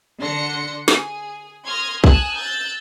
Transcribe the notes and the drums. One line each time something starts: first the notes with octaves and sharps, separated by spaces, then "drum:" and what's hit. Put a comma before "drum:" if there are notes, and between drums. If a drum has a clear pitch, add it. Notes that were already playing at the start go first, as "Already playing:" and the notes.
D3 D4 C6 A#6 C#7
G#4, drum: snare
C6 D#6 F6 G#6 A#6
G#5 A5 D#6 E6 F#6, drum: kick
E6 F#6 G6 A6